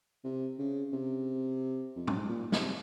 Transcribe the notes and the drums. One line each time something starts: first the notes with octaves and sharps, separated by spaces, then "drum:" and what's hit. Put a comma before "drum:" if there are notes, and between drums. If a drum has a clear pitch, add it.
C3
C#3
C3
F2
F#2, drum: tom
G#2
A#2
C3, drum: snare